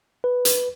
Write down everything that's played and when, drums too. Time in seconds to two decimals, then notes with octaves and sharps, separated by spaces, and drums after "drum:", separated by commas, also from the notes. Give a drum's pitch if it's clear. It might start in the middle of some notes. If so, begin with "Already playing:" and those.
0.24 B4
0.45 drum: hi-hat